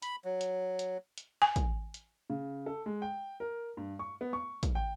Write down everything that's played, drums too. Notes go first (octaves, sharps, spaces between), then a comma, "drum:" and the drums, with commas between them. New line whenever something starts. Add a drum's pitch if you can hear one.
B5, drum: hi-hat
F#3
drum: hi-hat
drum: hi-hat
drum: hi-hat
G#5
drum: kick, hi-hat
drum: hi-hat
C#3
A4
G#3
G5
A#4
G2
C#6
B3
C#6
drum: kick, hi-hat
G5